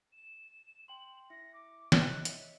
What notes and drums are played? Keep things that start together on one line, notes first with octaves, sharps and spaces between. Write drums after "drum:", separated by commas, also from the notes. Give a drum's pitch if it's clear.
E7
G5 C6 F#7
E4 E5 A#6 C#7
D6
C#5 D#5 F#6, drum: snare
E5, drum: hi-hat